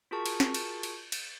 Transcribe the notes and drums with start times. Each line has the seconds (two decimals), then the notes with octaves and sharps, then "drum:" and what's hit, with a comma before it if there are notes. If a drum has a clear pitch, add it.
0.11 F4 F#4 G#4 A#4 A5 C#6
0.26 drum: cymbal
0.40 drum: snare
0.54 drum: cymbal
0.83 drum: cymbal
1.12 drum: cymbal